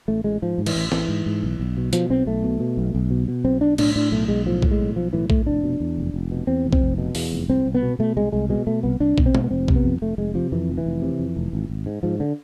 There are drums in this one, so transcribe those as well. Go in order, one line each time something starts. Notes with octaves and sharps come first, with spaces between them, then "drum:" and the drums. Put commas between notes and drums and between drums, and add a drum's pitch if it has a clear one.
A1 A3
A1 G#3
G#2 F3
G#2
E3, drum: cymbal
A1
A1 E3, drum: snare
G#2
G#2
B1
B1
B2
B2 F3, drum: hi-hat
B1 C4
B1 A3
B2
B2
B1
B1
B2
B2
B1 C4
B1 D4
A2 D4, drum: cymbal
A2 D4
B1 A3
B1 G#3
A2 F3
A2, drum: kick A#1
G#3
B1
B1 F3
A2 E3
A2 A3, drum: kick A#1
F1 D4
B2
E2
F1
F1
B2
E2 C4
F1
C4, drum: kick A#1
F1
B2
E2, drum: open hi-hat
F1
C2 C4
C2
B3
B2
B2 A3
C2 G#3
C2 G#3
B2 G#3
B2 A3
C2 B3
C2 D4
B2, drum: kick A#1
C4
B2, drum: tom G#3
B3
F1 C4
C3, drum: kick A#1
B3
F2
F1 A3
F1 G#3
C3 F3
F2 E3
F1
E3
F1
C3
F2
F1
G#1
G#1
G#2
G#2 F3
D3